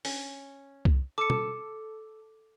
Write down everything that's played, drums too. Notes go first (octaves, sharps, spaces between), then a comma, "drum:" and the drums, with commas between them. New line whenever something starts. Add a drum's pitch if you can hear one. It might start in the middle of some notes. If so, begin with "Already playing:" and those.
C#4, drum: open hi-hat
drum: kick C2
A4 D6 C#7
drum: tom